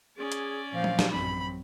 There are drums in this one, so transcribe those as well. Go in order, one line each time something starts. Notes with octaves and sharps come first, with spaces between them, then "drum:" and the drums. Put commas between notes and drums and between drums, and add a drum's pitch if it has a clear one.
C#4 G#4 D5
drum: hi-hat
A#2 F3 C5 F5
drum: tom F#3
drum: snare
A1 F#2 C4 B5